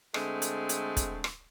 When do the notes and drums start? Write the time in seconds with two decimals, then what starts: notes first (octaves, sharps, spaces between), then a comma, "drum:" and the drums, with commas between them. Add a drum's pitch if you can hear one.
0.14 D3 G#3 A3 C4, drum: rim click
0.42 drum: hi-hat
0.69 drum: hi-hat
0.97 drum: kick, hi-hat
1.24 drum: rim click